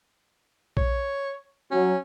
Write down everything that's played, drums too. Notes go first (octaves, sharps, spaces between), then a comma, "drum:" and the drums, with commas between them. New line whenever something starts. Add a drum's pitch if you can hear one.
C#5, drum: kick A#1
F#3 C#4